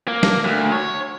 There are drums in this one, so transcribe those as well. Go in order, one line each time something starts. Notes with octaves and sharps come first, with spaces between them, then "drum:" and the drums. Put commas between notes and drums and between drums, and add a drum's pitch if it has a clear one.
A#3
drum: snare
D2
C#5